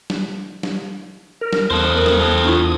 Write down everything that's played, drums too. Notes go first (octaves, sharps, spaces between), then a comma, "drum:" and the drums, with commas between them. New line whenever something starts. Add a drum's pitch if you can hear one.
drum: snare
drum: snare
A#4
drum: snare
E2 A4 C5 D#6
A#4
drum: snare
D4 E4 F4